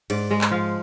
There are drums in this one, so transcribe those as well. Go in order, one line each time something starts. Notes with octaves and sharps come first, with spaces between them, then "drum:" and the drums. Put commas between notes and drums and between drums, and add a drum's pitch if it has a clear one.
G#2 D5, drum: cymbal
G#3 D#5
drum: clap
F3 F5